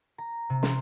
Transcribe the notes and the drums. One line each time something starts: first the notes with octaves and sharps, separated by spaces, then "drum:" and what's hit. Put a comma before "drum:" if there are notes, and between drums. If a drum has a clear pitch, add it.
A#5
C3
C5, drum: snare